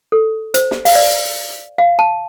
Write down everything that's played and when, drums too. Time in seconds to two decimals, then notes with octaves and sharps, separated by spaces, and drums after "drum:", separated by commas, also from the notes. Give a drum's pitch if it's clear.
0.12 A4
0.54 C5, drum: hi-hat
0.71 drum: snare
0.85 F5, drum: open hi-hat
0.95 D5
1.78 F5
1.99 A5